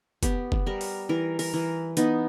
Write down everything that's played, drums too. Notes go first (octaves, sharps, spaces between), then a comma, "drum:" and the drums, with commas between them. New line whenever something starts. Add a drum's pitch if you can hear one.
B3 G4, drum: kick, hi-hat
drum: kick
G3 A#4
drum: open hi-hat
E3 A#4
A#4, drum: open hi-hat
E3
B3 D#4, drum: hi-hat